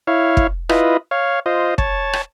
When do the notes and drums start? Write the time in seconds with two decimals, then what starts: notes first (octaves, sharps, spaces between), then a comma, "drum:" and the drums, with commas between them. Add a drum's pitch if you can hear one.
0.07 E4 C#5 F5
0.37 drum: kick
0.69 E4 F4 B4 D#5, drum: rim click
1.11 C#5 F5
1.46 F4 C5 D#5
1.78 C#5 A5, drum: kick
2.13 drum: rim click